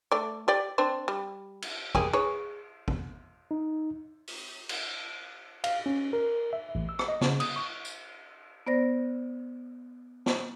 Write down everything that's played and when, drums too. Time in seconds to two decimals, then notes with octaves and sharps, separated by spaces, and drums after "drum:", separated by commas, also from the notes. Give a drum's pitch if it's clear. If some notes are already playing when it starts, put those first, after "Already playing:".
0.11 A3 D5
0.48 G4 D5 G5
0.78 C4 D4 C5
1.08 G3
1.62 drum: cymbal
1.95 G3 A#3 G#4, drum: kick G#1
2.13 G#4 B4 C#5
2.88 drum: kick G#1
3.51 D#4
4.27 drum: open hi-hat
4.69 drum: cymbal
5.64 F5, drum: cymbal
5.86 C#4
6.13 A#4
6.53 E5
6.75 A1
6.89 E6
6.99 drum: rim click
7.08 D#5
7.21 C#3, drum: snare
7.40 D#6, drum: cymbal
7.56 C#6
7.85 drum: tambourine
8.67 B3 C5 D5 A#6
10.26 drum: snare